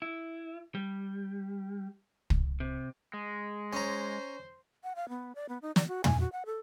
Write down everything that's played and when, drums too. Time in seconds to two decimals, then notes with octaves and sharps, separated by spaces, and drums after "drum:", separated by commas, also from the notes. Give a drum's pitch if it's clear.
0.02 E4
0.75 G3
2.30 drum: kick
2.60 C3
3.13 G#3
3.73 C#4 C5 A#5
4.84 F#5
4.96 F5
5.09 B3
5.35 D5
5.49 B3
5.62 D#4
5.76 D5, drum: snare
5.88 F#4
6.04 G#5, drum: tom
6.20 F#4
6.32 F#5
6.46 A4